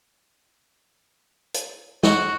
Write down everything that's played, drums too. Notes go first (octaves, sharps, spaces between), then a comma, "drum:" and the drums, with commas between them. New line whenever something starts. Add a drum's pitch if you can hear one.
drum: hi-hat
F#4, drum: snare